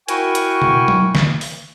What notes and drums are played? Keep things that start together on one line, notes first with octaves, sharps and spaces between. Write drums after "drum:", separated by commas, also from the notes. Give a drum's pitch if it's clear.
E4 F#4 A#4 G5 G#5 C#6, drum: hi-hat
drum: hi-hat
drum: tom B2
drum: tom F#3
drum: snare
drum: open hi-hat